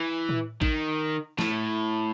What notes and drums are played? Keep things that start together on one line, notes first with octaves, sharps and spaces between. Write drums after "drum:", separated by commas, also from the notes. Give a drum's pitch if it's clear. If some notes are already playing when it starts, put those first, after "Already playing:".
Already playing: E3
drum: tom A2
D#3, drum: kick A1
A2, drum: snare